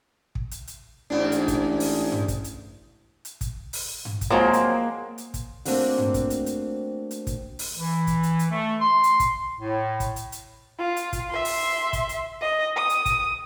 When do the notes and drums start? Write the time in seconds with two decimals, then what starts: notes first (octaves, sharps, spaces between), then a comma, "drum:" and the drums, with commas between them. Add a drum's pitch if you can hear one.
0.35 drum: kick
0.51 drum: hi-hat
0.67 drum: hi-hat
1.10 A1 G#2 D4
1.32 drum: hi-hat
1.48 drum: kick, hi-hat
1.80 drum: open hi-hat
2.12 drum: tom G2
2.28 drum: kick, hi-hat
2.44 drum: hi-hat
3.25 drum: hi-hat
3.41 drum: kick, hi-hat
3.73 drum: open hi-hat
4.05 drum: tom G2
4.21 drum: kick, hi-hat
4.30 F3 F#3 G#3 A#3 C4
4.53 drum: hi-hat
5.18 drum: hi-hat
5.34 drum: kick, hi-hat
5.65 A3 A#3 C4 D4 F#4, drum: open hi-hat
5.98 drum: tom G2
6.14 drum: kick, hi-hat
6.30 drum: hi-hat
6.46 drum: hi-hat
7.11 drum: hi-hat
7.27 drum: kick, hi-hat
7.59 drum: open hi-hat
7.78 E3
8.07 drum: kick, hi-hat
8.23 drum: hi-hat
8.39 drum: hi-hat
8.50 A3
8.80 C6
9.04 drum: hi-hat
9.20 drum: kick, hi-hat
9.59 A2
10.00 drum: kick, hi-hat
10.16 drum: hi-hat
10.32 drum: hi-hat
10.79 F4
10.97 drum: hi-hat
11.13 drum: kick, hi-hat
11.30 E5 C6
11.45 drum: open hi-hat
11.93 drum: kick, hi-hat
12.09 drum: hi-hat
12.41 D#5
12.76 D#6
12.89 drum: hi-hat
13.06 drum: kick, hi-hat